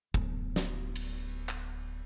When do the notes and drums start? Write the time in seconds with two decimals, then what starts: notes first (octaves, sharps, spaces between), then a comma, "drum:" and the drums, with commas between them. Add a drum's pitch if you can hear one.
0.14 D1 B3, drum: kick
0.56 drum: snare
0.96 drum: cymbal
1.49 drum: clap